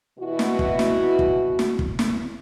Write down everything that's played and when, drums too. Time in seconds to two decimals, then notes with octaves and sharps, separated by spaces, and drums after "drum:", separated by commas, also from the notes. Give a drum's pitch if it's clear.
0.19 B2 E3 E4 F#4
0.39 drum: snare
0.59 drum: kick
0.79 drum: snare
1.19 drum: kick
1.59 drum: snare
1.79 drum: kick
1.99 drum: snare